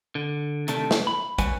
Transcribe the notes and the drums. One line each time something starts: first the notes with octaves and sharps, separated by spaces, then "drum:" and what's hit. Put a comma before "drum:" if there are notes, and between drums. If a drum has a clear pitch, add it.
D3
C3 D#3 A3 D4 A4, drum: hi-hat
drum: snare
B5
G2 G3 B4 C#5 G#5, drum: kick, hi-hat